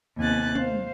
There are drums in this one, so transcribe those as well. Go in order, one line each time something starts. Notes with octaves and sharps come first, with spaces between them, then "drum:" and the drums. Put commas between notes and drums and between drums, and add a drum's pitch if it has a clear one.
D#2 C3 B3 G#5 F#6 A6
C5 F5, drum: tom